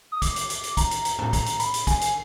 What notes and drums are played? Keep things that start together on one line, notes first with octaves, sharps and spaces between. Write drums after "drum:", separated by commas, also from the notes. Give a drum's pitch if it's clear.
D#6
D6, drum: kick, hi-hat
drum: hi-hat
drum: hi-hat
drum: hi-hat
A#5, drum: kick, hi-hat
drum: hi-hat
drum: hi-hat
drum: tom A2
A#5, drum: kick, hi-hat
drum: hi-hat
B5, drum: hi-hat
drum: hi-hat
G#5, drum: kick, hi-hat
drum: hi-hat